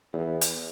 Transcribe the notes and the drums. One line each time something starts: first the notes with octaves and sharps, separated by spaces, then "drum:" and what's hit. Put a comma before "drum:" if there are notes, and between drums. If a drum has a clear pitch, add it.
E2
drum: hi-hat